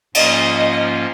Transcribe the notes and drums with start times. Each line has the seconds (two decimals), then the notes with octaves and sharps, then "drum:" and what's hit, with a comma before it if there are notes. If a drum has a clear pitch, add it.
0.15 G#2 F3 A#3 C#4 F4 D#5, drum: cymbal